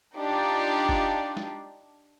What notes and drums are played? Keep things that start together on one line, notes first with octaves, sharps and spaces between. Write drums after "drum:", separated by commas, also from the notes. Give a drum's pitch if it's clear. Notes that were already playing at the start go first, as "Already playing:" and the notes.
D4 D#4 F4 G4 D5
drum: kick G1
drum: snare